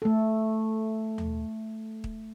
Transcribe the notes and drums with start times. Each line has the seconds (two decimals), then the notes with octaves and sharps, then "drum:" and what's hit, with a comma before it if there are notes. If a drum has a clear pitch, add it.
0.02 A3 A4
1.18 drum: tom D#2
2.04 drum: kick